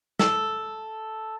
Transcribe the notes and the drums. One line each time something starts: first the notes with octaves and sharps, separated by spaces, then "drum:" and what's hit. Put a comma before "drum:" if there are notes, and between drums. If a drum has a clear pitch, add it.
A4, drum: snare